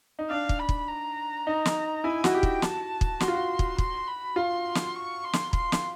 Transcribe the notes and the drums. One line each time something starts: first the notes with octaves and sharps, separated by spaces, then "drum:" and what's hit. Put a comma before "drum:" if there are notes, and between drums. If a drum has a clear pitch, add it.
D#4
D4 F5
drum: kick
B5
drum: kick
A#5
D#4
drum: snare
E4 G#5
F#4, drum: snare
G4 G5
F#4, drum: kick
A5, drum: snare
drum: kick
F#4 C6, drum: snare
F4
F#4
drum: kick
C6, drum: kick
B5
F4 C6
drum: snare
C#6
C6
drum: snare
C6, drum: kick
drum: snare